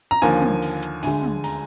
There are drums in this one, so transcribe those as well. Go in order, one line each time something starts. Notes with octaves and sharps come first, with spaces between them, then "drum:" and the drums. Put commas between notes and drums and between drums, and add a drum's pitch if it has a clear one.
A#5
D#2 D3 F3 A#3 G#5, drum: open hi-hat
drum: tom
drum: open hi-hat
drum: hi-hat
D2 D3 G#3 G#5, drum: open hi-hat
drum: tom
A#5, drum: open hi-hat